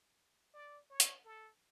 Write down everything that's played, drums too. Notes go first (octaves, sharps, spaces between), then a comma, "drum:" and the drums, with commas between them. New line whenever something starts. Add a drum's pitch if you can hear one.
D5
C#5
drum: hi-hat
A4